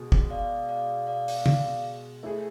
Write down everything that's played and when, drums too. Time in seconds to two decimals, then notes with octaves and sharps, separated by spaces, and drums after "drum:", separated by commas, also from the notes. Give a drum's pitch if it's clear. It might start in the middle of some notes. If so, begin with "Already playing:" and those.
Already playing: B2 G#3
0.12 drum: kick
0.30 D5 F5
0.69 D5 F5
1.07 D5 F5
1.28 D5, drum: open hi-hat
1.36 E5
1.46 D5 F5, drum: tom C#3
2.23 A3 E4 G#4 C5 E5